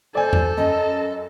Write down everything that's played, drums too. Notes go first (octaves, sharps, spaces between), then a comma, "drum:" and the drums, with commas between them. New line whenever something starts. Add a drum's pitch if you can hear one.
A4 C5 D5 G#5
drum: tom E2
F#2 D#5 A5